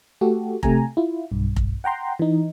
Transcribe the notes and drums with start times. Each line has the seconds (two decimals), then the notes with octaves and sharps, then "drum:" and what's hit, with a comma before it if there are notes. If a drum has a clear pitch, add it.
0.21 A3 F#4 G4 A4
0.63 C3 A3 G4 G#5 A#5, drum: kick F1
0.97 E4 F4
1.31 B1 G2
1.56 drum: kick F1
1.84 F#5 G5 A#5 C6
2.19 E3 D#4